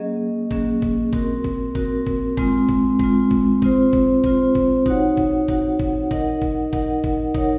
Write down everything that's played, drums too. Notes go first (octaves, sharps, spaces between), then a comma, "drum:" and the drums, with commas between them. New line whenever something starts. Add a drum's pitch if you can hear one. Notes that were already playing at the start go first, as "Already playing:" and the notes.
Already playing: F#3 A#3 C#4 G#4 D#5
F#3 A#3 C#4 G#4 D#5, drum: kick
drum: kick
C4 F#4 A#4, drum: kick
drum: kick
C4 F#4 A#4, drum: kick
drum: kick
G#3 C4 F4, drum: kick
drum: kick
G#3 C4 F4, drum: kick
drum: kick
C4 F4 C5, drum: kick
drum: kick
C4 F4 C5, drum: kick
drum: kick
D#4 F#4 C#5 F#5, drum: kick
drum: kick
D#4 F#4 C#5 F#5, drum: kick
drum: kick
D#4 A#4 D#5 F#5, drum: kick
drum: kick
D#4 A#4 D#5 F#5, drum: kick
drum: kick
D#4 A#4 C#5 F#5, drum: kick